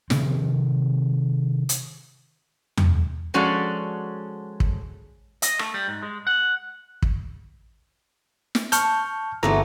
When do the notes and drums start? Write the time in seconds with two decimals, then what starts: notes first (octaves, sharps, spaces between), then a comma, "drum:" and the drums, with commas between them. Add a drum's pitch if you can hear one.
0.10 C3 D#3 F3 C4, drum: snare
1.69 drum: hi-hat
2.77 drum: tom E2
3.34 F3 G#3 C#4 F#4 A4 D5
4.60 drum: kick
5.42 D#5, drum: hi-hat
5.59 A3, drum: rim click
5.74 G3
5.88 G#2
6.03 G#3
6.27 F#5
7.02 drum: kick
8.55 drum: snare
8.72 A5 C#6 F6 G6, drum: hi-hat
9.43 G1 E3 A3 B3 A4 A#5